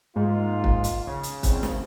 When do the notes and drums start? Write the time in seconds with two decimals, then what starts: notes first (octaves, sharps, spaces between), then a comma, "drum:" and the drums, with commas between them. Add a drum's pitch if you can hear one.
0.16 G#2 A#3 D#4 F4
0.64 drum: kick
0.84 drum: hi-hat
1.07 C#3
1.23 drum: hi-hat
1.43 E2 G#2 C4, drum: kick, hi-hat
1.63 drum: snare